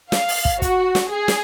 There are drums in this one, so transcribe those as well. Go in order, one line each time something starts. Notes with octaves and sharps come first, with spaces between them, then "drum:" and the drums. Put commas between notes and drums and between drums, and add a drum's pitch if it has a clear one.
F5, drum: snare
drum: open hi-hat
drum: kick
F#4, drum: kick, hi-hat
drum: snare
G#4
drum: snare